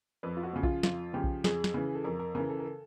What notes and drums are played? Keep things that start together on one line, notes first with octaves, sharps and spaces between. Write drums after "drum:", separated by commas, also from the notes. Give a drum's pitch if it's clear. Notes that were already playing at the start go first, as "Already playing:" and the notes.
F2 B4
F4
F#4
C#3 F3
F4, drum: kick A#1
F2 F4, drum: snare
C#3 F3 G4
drum: kick A#1
F2 G#4, drum: snare
drum: snare
C#3 E3
A4
F2 A#4
A#4
C#3 E3 A#4
A4
A#4
A4